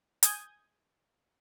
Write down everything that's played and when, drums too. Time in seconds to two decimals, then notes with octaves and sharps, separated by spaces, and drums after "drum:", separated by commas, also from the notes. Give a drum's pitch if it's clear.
0.23 G#5 D#6 G6 G#6, drum: hi-hat